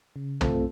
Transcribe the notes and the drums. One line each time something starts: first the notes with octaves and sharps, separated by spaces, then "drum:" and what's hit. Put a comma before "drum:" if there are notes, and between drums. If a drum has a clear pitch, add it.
C#3
A3 C4 F4 A4, drum: tom